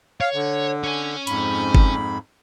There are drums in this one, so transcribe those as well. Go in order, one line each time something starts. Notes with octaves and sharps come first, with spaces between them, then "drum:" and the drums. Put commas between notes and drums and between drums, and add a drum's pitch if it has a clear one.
C#5 F5
D3
C#4 G#5
F2 G#2 B5, drum: hi-hat
drum: kick G1